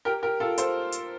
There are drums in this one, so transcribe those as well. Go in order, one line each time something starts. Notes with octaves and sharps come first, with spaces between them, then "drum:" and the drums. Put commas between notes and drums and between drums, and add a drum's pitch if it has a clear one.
G4 A#4
G4 A#4
F4 A4
A4 C5, drum: hi-hat
drum: hi-hat